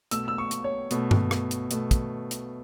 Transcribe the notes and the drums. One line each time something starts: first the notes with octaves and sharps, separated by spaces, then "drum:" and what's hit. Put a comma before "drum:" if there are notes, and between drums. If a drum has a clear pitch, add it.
B2 A3 E6, drum: hi-hat
E6
C#6
drum: hi-hat
C#5
B2 A3, drum: hi-hat
drum: tom G2
drum: rim click
drum: hi-hat
B2 A3, drum: hi-hat
drum: kick, hi-hat
drum: hi-hat